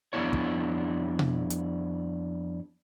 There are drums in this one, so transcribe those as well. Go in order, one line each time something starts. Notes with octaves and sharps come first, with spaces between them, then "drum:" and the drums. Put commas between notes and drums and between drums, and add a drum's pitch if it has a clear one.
F2 G3 B3 D4 E4 C#5
drum: kick
drum: tom B2
drum: hi-hat